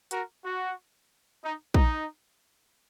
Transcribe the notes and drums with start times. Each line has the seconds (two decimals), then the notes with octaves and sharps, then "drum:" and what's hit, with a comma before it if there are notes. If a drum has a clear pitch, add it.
0.11 F#4 A#4, drum: hi-hat
0.44 F#4
1.42 D#4
1.74 D#4, drum: kick